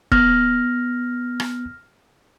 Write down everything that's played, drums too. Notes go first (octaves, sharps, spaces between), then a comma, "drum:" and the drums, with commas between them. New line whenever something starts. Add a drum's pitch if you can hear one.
B3 F6 A#6, drum: kick
drum: rim click